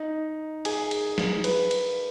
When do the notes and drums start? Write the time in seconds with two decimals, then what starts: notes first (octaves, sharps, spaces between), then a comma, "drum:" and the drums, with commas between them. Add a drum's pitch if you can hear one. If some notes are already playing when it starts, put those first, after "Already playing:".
Already playing: D#4
0.65 G#4, drum: cymbal
0.91 drum: cymbal
1.18 drum: snare
1.44 B4, drum: cymbal
1.71 drum: cymbal